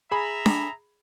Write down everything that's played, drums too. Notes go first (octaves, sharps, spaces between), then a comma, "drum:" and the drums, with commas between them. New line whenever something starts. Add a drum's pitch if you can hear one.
G#4 E5 A#5 B5
drum: snare D4